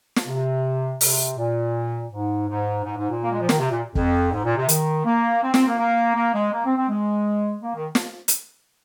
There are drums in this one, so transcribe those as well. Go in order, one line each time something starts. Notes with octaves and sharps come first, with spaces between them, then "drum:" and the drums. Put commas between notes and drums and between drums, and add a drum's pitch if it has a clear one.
drum: snare
C3
C3, drum: open hi-hat
A#2
G#2
G#2
G#2
G#2
A#2
A#3
G#3
F3
D#3, drum: snare
C3
A#2
F2, drum: kick
G#2
A#2
C3
D#3, drum: hi-hat
A#3
C4
C4, drum: snare
A#3
A#3
A#3
G#3
A#3
C4
C4
G#3
A#3
D#3
drum: snare
drum: hi-hat